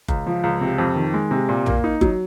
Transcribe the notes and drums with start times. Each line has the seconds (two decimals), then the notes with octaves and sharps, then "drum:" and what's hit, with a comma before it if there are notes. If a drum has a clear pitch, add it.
0.08 C#2, drum: kick F#1
0.27 F3
0.43 C#2
0.61 C3
0.78 F2
0.96 D#3
1.14 G#3
1.31 C3
1.49 A#2
1.66 A#3, drum: tom
1.84 D#4
2.01 F#3, drum: kick F#1